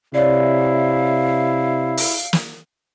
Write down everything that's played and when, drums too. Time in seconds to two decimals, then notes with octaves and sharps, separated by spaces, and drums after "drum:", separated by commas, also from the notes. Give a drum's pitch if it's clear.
0.15 C3 E4 C#5 D5 F5
1.97 drum: open hi-hat
2.33 drum: snare